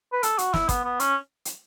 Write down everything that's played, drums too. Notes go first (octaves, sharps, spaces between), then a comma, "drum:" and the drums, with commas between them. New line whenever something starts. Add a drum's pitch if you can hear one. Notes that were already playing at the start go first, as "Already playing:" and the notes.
B4
A4, drum: hi-hat
F#4, drum: hi-hat
E4, drum: snare
B3, drum: kick, hi-hat
B3
C#4, drum: hi-hat
drum: hi-hat